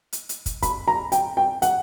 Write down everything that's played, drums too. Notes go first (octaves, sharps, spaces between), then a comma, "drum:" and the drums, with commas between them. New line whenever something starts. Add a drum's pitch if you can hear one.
drum: hi-hat
drum: hi-hat
drum: kick, hi-hat
B5, drum: kick, hi-hat
A#5
G5, drum: hi-hat
G5
F#5, drum: hi-hat